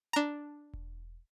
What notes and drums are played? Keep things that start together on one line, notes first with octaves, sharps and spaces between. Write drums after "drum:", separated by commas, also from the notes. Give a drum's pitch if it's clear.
D4 A#5
drum: kick E1